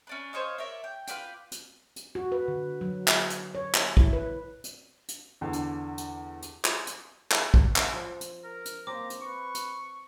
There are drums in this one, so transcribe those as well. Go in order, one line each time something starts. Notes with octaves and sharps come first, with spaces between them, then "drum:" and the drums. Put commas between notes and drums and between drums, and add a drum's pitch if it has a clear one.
C#4 D4 B4
C5 C#5 D#5 F5
A#4 C#5 D5 E5
G5
F4 B4 D5 G5, drum: hi-hat
drum: hi-hat
drum: hi-hat
F#4
B4
D3
F#3
drum: clap
drum: hi-hat
C#5
drum: clap
E4, drum: kick
B4
drum: hi-hat
drum: hi-hat
E2 D3
drum: hi-hat
drum: hi-hat
drum: hi-hat
drum: clap
drum: hi-hat
drum: clap
drum: kick
drum: clap
F3
drum: hi-hat
A#4
drum: hi-hat
A#3 C4 A#5 D6
drum: hi-hat
B4 C#6
drum: hi-hat